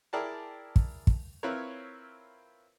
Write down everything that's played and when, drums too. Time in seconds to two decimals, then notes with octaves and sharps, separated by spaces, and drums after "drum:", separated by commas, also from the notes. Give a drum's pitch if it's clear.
0.13 E4 G#4 A#4 D5 G5 A5
0.76 drum: kick
1.07 drum: kick
1.43 C4 E4 F4 A#4 B4 C#5